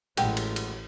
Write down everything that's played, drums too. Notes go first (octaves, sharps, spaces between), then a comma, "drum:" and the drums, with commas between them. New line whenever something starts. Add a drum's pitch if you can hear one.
A1 A2 F#3 G#3 G4, drum: cymbal
drum: cymbal
drum: cymbal